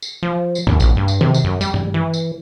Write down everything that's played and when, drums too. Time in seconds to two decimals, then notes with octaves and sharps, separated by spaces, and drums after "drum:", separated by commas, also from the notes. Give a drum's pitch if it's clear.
0.02 drum: tambourine
0.23 F3
0.55 drum: tambourine
0.67 D#2, drum: tom G#2
0.80 A#1, drum: tambourine
0.97 G2
1.08 drum: tambourine
1.21 C3, drum: tom D#3
1.34 drum: tambourine
1.44 F#2
1.61 G3, drum: tambourine
1.74 drum: tom G2
1.94 E3
2.14 drum: tambourine